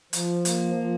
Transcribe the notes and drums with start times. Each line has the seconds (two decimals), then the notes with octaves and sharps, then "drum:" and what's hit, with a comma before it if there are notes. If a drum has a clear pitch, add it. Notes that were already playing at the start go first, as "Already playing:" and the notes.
0.13 F3, drum: hi-hat
0.45 A#3, drum: hi-hat
0.75 F3